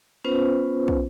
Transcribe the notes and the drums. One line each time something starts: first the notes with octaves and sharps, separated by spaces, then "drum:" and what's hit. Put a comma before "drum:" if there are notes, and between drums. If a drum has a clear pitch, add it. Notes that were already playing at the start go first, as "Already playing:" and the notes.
B3 C#4 F4 B4 C5
drum: kick